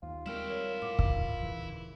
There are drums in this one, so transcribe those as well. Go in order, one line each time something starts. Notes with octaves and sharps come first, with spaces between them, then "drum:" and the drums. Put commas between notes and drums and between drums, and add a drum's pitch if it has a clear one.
D#2 F4
G3 G#3 C4 E4 A#4 G5 F6 E7
A#4 C#5
A2 F#5 D6
drum: kick
D#1 C#3 E3